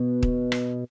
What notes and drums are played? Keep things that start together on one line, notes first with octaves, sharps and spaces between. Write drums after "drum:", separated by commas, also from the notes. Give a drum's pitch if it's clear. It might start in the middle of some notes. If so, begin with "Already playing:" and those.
Already playing: B2
drum: kick
drum: rim click